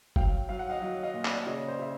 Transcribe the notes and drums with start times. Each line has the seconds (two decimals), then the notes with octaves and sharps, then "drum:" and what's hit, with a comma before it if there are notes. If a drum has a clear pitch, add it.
0.16 F#3 F5 G5, drum: kick F#1
0.49 F#3 F5
0.59 F#5
0.70 D#5 F5
0.82 F#3
1.03 D#5 F5
1.14 A#2
1.25 D5 E5, drum: clap
1.47 C#3 C#5 D#5
1.68 C5 D5
1.79 C#3 E5